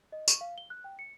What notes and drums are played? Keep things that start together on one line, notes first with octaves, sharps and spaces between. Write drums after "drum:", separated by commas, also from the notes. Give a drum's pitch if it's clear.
D#5
C#6, drum: tambourine
F5
G7
F#6
G5
C#7